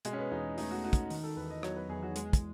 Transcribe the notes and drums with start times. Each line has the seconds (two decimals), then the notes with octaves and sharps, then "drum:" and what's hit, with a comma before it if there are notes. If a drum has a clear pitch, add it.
0.05 B2 G#3, drum: hi-hat
0.13 C#4
0.18 B3
0.32 E2 D#4
0.58 A3 D#4, drum: open hi-hat
0.71 F#4
0.84 D#4 F#4
0.93 drum: kick, hi-hat
1.10 D#3, drum: open hi-hat
1.24 A4
1.37 E2 B4
1.50 D#5
1.63 F#3 C#5, drum: rim click
1.76 B4
1.89 E2 G#4
2.03 F#4
2.16 G#3 G#4, drum: hi-hat
2.33 drum: kick, hi-hat